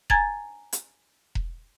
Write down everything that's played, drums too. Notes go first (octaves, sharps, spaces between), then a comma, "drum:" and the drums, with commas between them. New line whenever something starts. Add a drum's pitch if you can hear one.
G#5 A#5 G#6 A6, drum: kick E1
drum: hi-hat
drum: kick E1